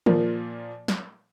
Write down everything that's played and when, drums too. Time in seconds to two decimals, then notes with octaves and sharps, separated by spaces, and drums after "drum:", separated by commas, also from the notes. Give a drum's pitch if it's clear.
0.06 A#2 F3 A#3, drum: tom D#3
0.88 drum: snare